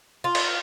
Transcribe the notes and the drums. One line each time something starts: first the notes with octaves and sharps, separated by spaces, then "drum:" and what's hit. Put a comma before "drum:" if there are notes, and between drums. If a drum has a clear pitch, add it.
F4
drum: cymbal